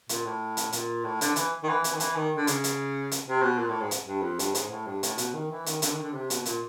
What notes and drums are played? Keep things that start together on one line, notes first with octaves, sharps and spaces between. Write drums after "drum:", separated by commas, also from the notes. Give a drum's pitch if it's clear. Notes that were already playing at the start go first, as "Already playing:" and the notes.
A#2, drum: hi-hat
A2
drum: hi-hat
A#2, drum: hi-hat
A2
D3, drum: hi-hat
E3, drum: hi-hat
D#3
E3
E3, drum: hi-hat
D#3
E3, drum: hi-hat
D#3
D3
C#3, drum: hi-hat
drum: hi-hat
drum: hi-hat
C3
B2
A#2
A2
G#2
drum: hi-hat
G2
F2
G2, drum: hi-hat
G#2, drum: hi-hat
A2
G2
A2, drum: hi-hat
B2, drum: hi-hat
D#3
E3
D#3, drum: hi-hat
D3, drum: hi-hat
D#3
D3
C3
B2, drum: hi-hat
B2
A#2, drum: hi-hat